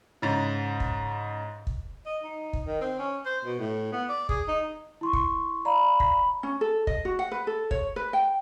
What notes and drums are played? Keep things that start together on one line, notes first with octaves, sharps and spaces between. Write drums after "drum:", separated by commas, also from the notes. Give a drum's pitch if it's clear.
G#2 C#3
drum: kick
drum: kick
D#5
D#4
drum: kick
D#3
C4
C#4
C5
B2
A2
B3
D5
G#4, drum: kick
D#4
E4 C6 C#6
drum: kick
D5 F5 A#5 B5
drum: kick
C#4
A4
D#5, drum: kick
F#4
F#5
B4
A4
C#5, drum: kick
B4
G5